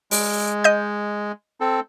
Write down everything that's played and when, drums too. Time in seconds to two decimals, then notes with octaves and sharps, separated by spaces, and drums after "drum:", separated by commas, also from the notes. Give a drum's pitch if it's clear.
0.11 G#3, drum: open hi-hat
0.64 D#5 G6
1.61 C4 A4